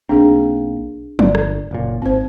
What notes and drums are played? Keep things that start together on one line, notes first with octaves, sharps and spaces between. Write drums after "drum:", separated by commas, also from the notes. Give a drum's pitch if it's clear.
B1 A#3 C4 D4 G#4
G1 D5, drum: tom F3
drum: rim click
F#1 F#2 A#2
G#1 C4 C5